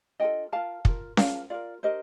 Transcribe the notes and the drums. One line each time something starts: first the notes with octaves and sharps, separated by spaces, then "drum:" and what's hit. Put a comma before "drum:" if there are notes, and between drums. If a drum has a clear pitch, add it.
D4 F4 A4 D#5 G5
F4 A#4 F5 A5
F4 A#4, drum: kick
F4 A#4 F5 A5, drum: snare C#4
F4 A#4 D5 F5
D4 G4 A#4 C5 D#5